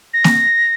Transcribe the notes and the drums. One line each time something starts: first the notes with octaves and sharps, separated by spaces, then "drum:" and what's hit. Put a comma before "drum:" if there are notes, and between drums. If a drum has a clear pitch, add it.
A#6
drum: snare A#3